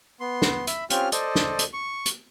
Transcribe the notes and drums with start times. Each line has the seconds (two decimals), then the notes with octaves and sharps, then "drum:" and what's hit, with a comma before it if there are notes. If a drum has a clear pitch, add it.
0.20 B3 C6
0.42 drum: snare
0.67 E5 B5, drum: hi-hat
0.90 C4 C#4 F4 G4 F6, drum: hi-hat
1.12 A4 C5 D5 D#5, drum: hi-hat
1.35 drum: snare
1.59 drum: hi-hat
1.73 C#6
2.06 drum: hi-hat